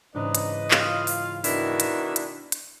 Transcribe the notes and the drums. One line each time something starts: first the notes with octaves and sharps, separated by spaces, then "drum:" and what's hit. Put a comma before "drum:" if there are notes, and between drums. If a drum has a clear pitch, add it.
G#2 C#3 E3 D4 D#4 B4 D#5
drum: hi-hat
F4 F5, drum: clap
drum: open hi-hat
B2 D#3 D4 E4, drum: open hi-hat
drum: hi-hat
drum: hi-hat
drum: hi-hat